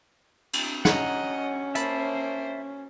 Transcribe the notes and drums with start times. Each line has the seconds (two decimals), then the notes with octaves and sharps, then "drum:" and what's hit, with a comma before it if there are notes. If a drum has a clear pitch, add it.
0.53 drum: cymbal
0.85 C#4 D#5 F#5 A#5, drum: snare
1.75 A#3 C5 E5 A5 B5, drum: hi-hat